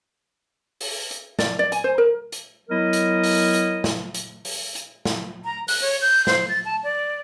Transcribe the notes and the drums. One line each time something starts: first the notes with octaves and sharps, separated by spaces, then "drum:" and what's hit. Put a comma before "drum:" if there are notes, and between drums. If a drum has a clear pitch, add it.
drum: open hi-hat
drum: hi-hat
D5, drum: snare
D5
G#5, drum: hi-hat
C5
A#4
drum: hi-hat
F#3 B3 E4 A#4 D#5
drum: hi-hat
drum: open hi-hat
drum: hi-hat
drum: snare
drum: hi-hat
drum: open hi-hat
drum: hi-hat
drum: snare
A#5
F#6, drum: open hi-hat
C#5
G6
C5, drum: snare
A6
A5
D5